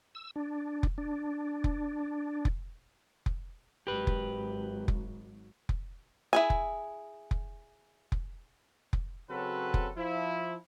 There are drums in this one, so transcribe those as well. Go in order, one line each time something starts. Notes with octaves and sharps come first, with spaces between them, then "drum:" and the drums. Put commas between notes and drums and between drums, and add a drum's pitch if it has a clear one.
E6
D4
drum: kick F1
D4
drum: kick F1
drum: kick F1
drum: kick F1
G#1 F#3 G4 B4
drum: kick F1
drum: kick F1
drum: kick F1
E4 G#4 G#5
drum: kick F1
drum: kick F1
drum: kick F1
drum: kick F1
C#3 F#3 C4 F#4 A4 B4
drum: kick F1
F3 E4